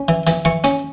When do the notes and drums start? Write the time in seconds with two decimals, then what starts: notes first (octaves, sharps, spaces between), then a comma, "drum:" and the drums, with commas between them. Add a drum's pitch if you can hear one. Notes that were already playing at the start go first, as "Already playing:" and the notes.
Already playing: C#4
0.08 E3
0.27 E3, drum: hi-hat
0.45 E3 C#6
0.64 C#4, drum: hi-hat